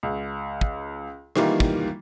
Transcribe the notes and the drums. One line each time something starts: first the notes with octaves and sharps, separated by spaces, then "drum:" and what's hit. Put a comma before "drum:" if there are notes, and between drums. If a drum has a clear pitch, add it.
C#2
drum: kick
D#3 E3 G3 A#3 F4, drum: rim click
drum: kick